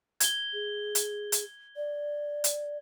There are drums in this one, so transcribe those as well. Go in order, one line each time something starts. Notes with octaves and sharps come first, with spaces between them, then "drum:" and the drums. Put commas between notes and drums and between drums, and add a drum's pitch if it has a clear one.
G#6 G7, drum: hi-hat
G#4
drum: hi-hat
drum: hi-hat
D5
drum: hi-hat